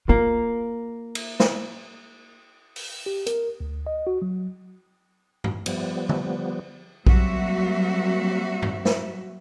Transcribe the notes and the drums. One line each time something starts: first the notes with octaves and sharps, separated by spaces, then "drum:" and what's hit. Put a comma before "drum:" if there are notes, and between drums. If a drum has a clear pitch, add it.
A#3 F4
drum: cymbal
drum: snare
drum: open hi-hat
G4
A#4, drum: hi-hat
D2
D#5
F#4
F#3
drum: tom G2
F3 G3 B3, drum: cymbal
drum: tom D3
F#3 G3 A#3 C4 F#4 E5, drum: kick A#1
drum: tom G2
drum: snare